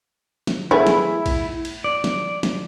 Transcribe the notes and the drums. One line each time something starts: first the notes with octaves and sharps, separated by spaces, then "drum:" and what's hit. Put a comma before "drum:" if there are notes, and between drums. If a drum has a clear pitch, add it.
drum: snare
A3 B3 E4 G#4
drum: snare
drum: kick, cymbal
drum: cymbal
D5
drum: snare
drum: snare